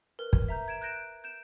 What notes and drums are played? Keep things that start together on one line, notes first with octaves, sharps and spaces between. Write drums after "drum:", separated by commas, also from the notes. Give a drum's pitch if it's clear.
A#4 B4
drum: kick
E5 A#5 G6
G#6 D7 E7
F#6 G6 A#6 D7 E7
G6 D7 E7